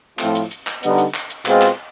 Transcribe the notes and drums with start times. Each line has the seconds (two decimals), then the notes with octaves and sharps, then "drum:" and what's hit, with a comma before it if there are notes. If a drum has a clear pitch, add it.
0.19 A2 F3 A3 C4 F4, drum: clap
0.35 drum: hi-hat
0.51 drum: hi-hat
0.67 drum: clap
0.83 D3 G3 B3 D#4, drum: hi-hat
0.98 drum: hi-hat
1.14 drum: clap
1.30 drum: hi-hat
1.46 B2 G#3 C4 F4, drum: clap
1.61 drum: clap